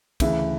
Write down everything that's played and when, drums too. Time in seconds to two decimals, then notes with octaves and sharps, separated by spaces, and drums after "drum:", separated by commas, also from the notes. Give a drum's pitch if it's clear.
0.20 D2 C#3 E3, drum: kick, cymbal